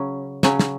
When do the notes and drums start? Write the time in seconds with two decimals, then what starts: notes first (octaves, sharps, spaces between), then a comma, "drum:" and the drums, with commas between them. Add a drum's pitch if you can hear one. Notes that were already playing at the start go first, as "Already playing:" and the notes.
Already playing: C#3 F#3 C#4
0.43 C#3 F#3 C#4, drum: snare
0.59 drum: snare